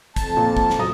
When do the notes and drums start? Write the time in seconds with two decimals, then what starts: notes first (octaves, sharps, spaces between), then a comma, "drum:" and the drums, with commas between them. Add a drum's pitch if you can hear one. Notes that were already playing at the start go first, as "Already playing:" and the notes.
0.16 F2 A5, drum: kick, hi-hat
0.37 A#2 A#3
0.57 drum: kick
0.70 drum: snare
0.79 F#2 A#5 D#6